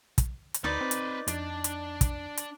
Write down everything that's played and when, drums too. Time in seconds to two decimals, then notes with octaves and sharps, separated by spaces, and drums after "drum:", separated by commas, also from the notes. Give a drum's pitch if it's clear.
0.18 drum: kick, hi-hat
0.54 drum: hi-hat
0.64 D2 D#4 B4 C5 D5
0.81 C4
0.91 drum: hi-hat
1.28 F2 D4, drum: hi-hat
1.64 drum: hi-hat
2.01 drum: kick, hi-hat
2.37 drum: hi-hat